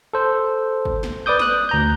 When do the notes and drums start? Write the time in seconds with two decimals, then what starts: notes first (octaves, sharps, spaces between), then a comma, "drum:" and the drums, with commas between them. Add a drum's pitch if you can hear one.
0.13 A4 C5
0.85 drum: kick
1.03 drum: snare
1.26 B4 D5 D6 D#6 G6
1.39 D#6 F#6, drum: snare
1.69 D2 A#5 G6